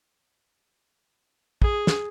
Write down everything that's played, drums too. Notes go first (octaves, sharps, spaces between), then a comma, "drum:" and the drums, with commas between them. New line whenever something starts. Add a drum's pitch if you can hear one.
G#4, drum: kick
drum: snare